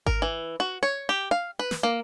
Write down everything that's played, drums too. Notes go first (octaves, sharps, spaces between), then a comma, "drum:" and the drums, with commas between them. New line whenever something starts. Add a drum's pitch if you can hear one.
A#4, drum: kick G#1
E3
F#4
C#5
G4
F5
B4
drum: snare
A#3